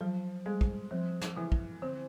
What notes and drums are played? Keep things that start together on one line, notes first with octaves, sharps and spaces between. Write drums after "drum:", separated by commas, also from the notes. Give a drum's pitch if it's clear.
F3 F#3
G3 G#3
drum: kick
F3 C4
drum: snare
C#3 E3
drum: kick
D3 C4